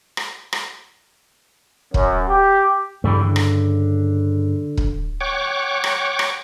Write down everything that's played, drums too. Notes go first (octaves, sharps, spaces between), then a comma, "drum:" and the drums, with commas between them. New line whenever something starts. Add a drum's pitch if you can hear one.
drum: rim click
drum: rim click
F#2, drum: kick
G4
G2 C#3 E3 G3 A3
D3
drum: rim click
drum: kick
C#5 F#5 G5 C#6 D6
drum: rim click
drum: rim click